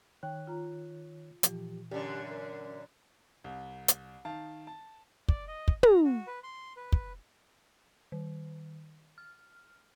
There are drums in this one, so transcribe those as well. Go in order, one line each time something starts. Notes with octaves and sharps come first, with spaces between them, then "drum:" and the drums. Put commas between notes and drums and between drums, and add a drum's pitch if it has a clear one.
D#3 C#5 G5 F#6
F4 A#5
A#2 E3 F3 G4, drum: hi-hat
F#2 D3 G4
A#4
C2
drum: hi-hat
D#3 F5 A5
A5
D5, drum: kick
D#5
drum: kick
A#5, drum: tom
F#4
B4
C6
B4
drum: kick
D#3
F6